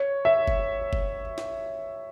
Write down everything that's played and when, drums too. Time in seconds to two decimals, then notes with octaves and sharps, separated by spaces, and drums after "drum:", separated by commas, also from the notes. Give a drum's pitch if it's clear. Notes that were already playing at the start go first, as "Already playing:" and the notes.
Already playing: C#5
0.25 E5
0.48 drum: kick F#1
0.93 drum: kick F#1
1.38 drum: snare